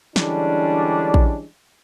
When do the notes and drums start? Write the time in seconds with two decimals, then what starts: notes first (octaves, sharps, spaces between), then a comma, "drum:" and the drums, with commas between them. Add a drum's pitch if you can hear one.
0.16 D3 E3 G3 G#3 C#4 D4, drum: snare
1.14 drum: kick